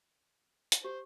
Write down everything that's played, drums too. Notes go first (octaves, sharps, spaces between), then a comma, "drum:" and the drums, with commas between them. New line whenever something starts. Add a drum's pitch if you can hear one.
drum: hi-hat
G4 C5